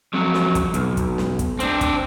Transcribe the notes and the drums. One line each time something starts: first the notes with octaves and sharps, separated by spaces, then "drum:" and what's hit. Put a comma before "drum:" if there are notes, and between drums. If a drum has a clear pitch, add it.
F2 F#3
drum: snare
drum: kick, hi-hat
B1, drum: hi-hat
drum: kick, hi-hat
drum: snare
drum: kick, hi-hat
C4 D4, drum: hi-hat
drum: kick, hi-hat